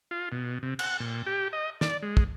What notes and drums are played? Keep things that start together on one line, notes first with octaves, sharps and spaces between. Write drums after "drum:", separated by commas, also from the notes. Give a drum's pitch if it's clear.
F4
B2
C3
F#5, drum: cymbal
A#2
G4
D#5
D5, drum: snare
G#3
drum: kick